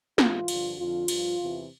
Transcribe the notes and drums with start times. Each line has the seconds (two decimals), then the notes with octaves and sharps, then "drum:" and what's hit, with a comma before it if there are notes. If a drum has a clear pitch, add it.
0.18 A2 E3 F4, drum: snare
0.48 G2 D3 F3, drum: cymbal
0.78 F2 D3 F3 F4
1.08 G2 F3, drum: cymbal
1.38 E2 C3 E3